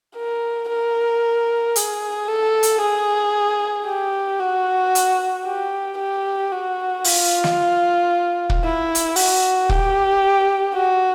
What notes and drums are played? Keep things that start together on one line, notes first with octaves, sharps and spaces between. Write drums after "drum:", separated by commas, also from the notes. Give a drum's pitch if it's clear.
A#4
A#4
G#4, drum: hi-hat
A4
drum: hi-hat
G#4
G4
F#4
drum: hi-hat
G4
G4
F#4
F4, drum: open hi-hat
drum: snare
drum: kick
E4
drum: hi-hat
F#4, drum: open hi-hat
G4, drum: kick
F#4